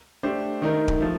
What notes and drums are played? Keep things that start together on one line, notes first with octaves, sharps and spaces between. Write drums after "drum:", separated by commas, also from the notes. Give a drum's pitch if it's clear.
A3 D4 G4 C5
D#3 A3 D#4 A#4
drum: kick D1
F3 A3